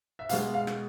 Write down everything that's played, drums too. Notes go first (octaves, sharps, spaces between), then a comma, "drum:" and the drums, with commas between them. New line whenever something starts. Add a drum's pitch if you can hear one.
E5
B2 G#3 F5, drum: hi-hat
F5
drum: rim click